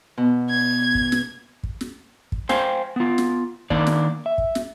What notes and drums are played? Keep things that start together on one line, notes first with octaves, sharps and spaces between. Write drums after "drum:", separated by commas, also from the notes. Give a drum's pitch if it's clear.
B2
G#6
drum: kick
drum: snare
drum: kick
drum: snare
drum: kick
C5 F5 G5 G#5, drum: snare
B3 F4
drum: snare
D#3 A#3 D4 D#4 D5, drum: kick
drum: snare
E5
drum: kick
drum: snare